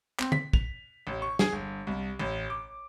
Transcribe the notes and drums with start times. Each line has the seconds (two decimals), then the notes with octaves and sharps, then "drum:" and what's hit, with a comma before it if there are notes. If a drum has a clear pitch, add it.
0.19 C4, drum: clap
0.32 B6, drum: tom
0.53 F7, drum: kick
1.07 A1
1.22 C#6
1.39 G#4, drum: snare
1.53 G1
1.87 C2
2.19 A1
2.50 D6